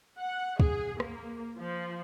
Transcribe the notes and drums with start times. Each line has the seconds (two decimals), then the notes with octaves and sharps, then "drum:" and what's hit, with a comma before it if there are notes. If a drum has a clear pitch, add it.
0.18 F#5
0.60 G#4, drum: kick
1.00 A#3, drum: rim click
1.58 F3